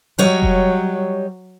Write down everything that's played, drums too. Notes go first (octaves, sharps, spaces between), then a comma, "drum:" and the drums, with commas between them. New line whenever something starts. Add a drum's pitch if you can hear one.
F#3 G3 C#5 D#5
drum: kick F1